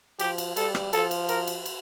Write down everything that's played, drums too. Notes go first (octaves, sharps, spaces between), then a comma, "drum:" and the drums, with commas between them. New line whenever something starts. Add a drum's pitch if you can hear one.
F3 G4, drum: cymbal
drum: cymbal
G3 A4, drum: cymbal
drum: rim click
F3 A4, drum: cymbal
drum: cymbal
A#4, drum: cymbal
drum: cymbal
drum: cymbal